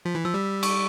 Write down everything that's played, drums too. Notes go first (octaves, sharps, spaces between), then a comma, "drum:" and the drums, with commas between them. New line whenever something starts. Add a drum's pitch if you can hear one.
F3 B6
E3
F3 E6
G3
E6
C#6, drum: cymbal